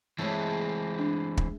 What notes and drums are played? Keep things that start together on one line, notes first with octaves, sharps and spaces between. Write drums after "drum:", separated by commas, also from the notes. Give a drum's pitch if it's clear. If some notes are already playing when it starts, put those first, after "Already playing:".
E3 G#3 A3 C4
D4
drum: kick